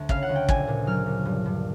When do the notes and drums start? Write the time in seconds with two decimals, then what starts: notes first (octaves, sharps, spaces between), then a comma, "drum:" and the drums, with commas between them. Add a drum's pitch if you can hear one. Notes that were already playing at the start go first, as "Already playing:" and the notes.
Already playing: D2
0.09 C#3 F5, drum: kick
0.22 F#5
0.29 D2
0.36 G5
0.49 A#1 G#5, drum: kick
0.67 A#2
0.87 F#3 F6
1.06 A#2
1.25 G2
1.46 G2